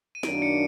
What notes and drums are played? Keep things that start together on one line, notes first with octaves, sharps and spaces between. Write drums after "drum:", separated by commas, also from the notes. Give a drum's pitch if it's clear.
D#7
F#2 D#3 F#3 A#3 D4 D7, drum: snare
C#7